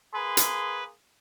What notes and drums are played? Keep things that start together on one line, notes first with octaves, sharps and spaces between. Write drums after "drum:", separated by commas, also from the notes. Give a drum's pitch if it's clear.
A#3 G#4 B4 C6
drum: hi-hat